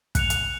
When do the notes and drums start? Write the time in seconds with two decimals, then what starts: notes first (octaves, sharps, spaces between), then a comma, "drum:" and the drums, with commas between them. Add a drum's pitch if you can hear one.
0.15 F#6 C#7 F7, drum: kick, hi-hat
0.30 drum: hi-hat